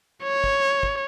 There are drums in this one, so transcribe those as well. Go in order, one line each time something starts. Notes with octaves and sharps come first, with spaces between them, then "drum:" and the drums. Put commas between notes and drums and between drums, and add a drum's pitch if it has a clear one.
C#5
drum: kick
drum: kick